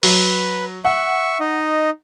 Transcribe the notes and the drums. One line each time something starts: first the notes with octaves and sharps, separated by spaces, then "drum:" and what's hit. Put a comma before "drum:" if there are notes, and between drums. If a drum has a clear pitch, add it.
F#3 B4, drum: open hi-hat
E5 F#5 C#6
D#4 D#5